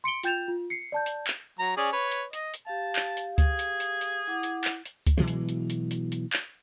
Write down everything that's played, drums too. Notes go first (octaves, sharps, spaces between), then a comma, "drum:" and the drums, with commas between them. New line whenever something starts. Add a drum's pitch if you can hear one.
C6 C#7 D7 G7
F4 G5 G6 A6 E7 F7, drum: hi-hat
F4
C7 C#7
D5 A5 G6
drum: hi-hat
drum: clap
F#3 A#5
C#4 G#4 D5
B4 C#5
drum: hi-hat
D#5, drum: hi-hat
drum: hi-hat
G4 F5 A5
drum: clap
drum: hi-hat
G#4, drum: kick C#2, hi-hat
drum: hi-hat
drum: hi-hat
drum: hi-hat
E4 F#5 D6
drum: hi-hat
drum: clap
drum: hi-hat
drum: kick C#2, hi-hat
B2 E3 F#3 G#3
drum: hi-hat
drum: hi-hat
drum: hi-hat
drum: hi-hat
drum: hi-hat
drum: clap